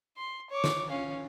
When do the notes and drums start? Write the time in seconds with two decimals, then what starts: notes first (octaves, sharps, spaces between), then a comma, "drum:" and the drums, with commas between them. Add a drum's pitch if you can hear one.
0.17 C6
0.50 C#5 D6
0.64 drum: snare
0.89 C#4 F5